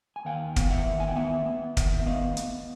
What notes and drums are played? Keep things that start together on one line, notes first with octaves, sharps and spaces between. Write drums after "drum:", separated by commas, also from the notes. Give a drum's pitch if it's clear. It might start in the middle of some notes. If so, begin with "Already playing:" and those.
G#5
D#2 F5 G5
B3, drum: kick, hi-hat
E5 F#5
D#2
G#5
G5
B3 E5 F#5
B3
D#2, drum: kick, hi-hat
E5
B3 D#5 F5
B3, drum: hi-hat